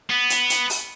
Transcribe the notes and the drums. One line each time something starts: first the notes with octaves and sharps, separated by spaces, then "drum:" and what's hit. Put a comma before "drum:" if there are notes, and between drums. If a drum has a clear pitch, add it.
B3
drum: hi-hat
drum: hi-hat
drum: open hi-hat